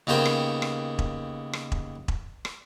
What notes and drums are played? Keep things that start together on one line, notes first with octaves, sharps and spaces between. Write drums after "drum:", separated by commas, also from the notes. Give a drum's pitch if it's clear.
D#2 C#3 B3 A#4 C5 G5
drum: rim click
drum: rim click
drum: kick E1
drum: rim click
drum: kick E1
drum: kick E1
drum: rim click